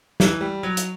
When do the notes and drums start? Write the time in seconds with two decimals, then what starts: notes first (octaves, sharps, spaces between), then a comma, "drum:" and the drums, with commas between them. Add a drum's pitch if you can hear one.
0.20 E3, drum: snare
0.41 G3
0.63 F#3
0.77 drum: hi-hat